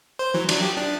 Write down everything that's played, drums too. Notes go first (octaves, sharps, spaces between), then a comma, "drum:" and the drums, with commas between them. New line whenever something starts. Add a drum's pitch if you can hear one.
C5
E3 F#3
F#3 D4, drum: cymbal
G4
D4